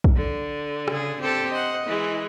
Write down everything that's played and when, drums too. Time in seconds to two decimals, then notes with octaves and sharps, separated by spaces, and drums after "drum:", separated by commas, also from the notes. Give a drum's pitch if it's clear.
0.04 drum: kick
0.16 D3
0.88 C#3 G#4, drum: rim click
1.20 C4 G4 A4
1.52 C5 D#5 F#5
1.86 E3 G#3